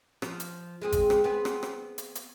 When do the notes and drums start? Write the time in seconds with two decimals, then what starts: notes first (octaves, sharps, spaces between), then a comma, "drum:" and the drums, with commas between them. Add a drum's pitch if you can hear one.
0.22 F3, drum: rim click
0.40 drum: hi-hat
0.82 G#3 C4 G#4
0.92 drum: kick G#1, hi-hat
1.10 drum: rim click
1.24 B3 C4 G#4
1.45 drum: rim click
1.63 drum: rim click
1.98 drum: hi-hat
2.15 drum: hi-hat